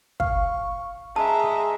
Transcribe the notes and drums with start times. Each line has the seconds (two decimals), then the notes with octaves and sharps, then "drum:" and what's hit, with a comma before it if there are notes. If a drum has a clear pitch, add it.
0.20 F5 C#6, drum: kick
1.16 G#3 E5 A5 A#5